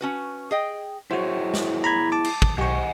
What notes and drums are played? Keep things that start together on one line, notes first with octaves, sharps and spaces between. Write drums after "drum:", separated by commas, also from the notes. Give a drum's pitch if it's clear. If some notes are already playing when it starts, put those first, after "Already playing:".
C#4 F#4 B4
G#4 D#5 G5
F#3 E4 F#4 G#4 C5 C#5
drum: snare
A#5 B5 G#6
A5 D6
drum: cymbal
drum: kick
B1 G4 C5 D#5 F#5 G#5 C#6